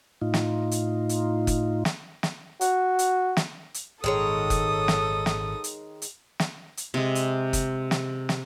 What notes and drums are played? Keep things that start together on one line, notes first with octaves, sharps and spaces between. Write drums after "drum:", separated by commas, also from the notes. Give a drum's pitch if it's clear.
A2 D#4 F4
drum: snare
drum: hi-hat
drum: hi-hat
drum: kick F#1, hi-hat
drum: snare
drum: snare
F#4, drum: hi-hat
drum: hi-hat
drum: snare
drum: hi-hat
G#1 A#2 D#3 G#3 A4 C#5 D#6
drum: kick F#1, hi-hat
drum: snare
drum: snare
drum: hi-hat
drum: hi-hat
drum: snare
drum: hi-hat
C3 G#3
drum: hi-hat
drum: kick F#1, hi-hat
drum: snare
drum: snare